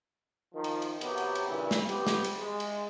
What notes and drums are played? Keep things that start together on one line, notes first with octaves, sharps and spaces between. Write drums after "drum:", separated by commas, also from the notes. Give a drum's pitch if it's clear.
D#3 F3
drum: cymbal
drum: cymbal
C3 F#3 B3 G4, drum: cymbal
drum: cymbal
drum: cymbal
G2 A#2 C#3 E3
drum: snare
B3 C4 G4, drum: cymbal
drum: snare
drum: cymbal
G#3
drum: cymbal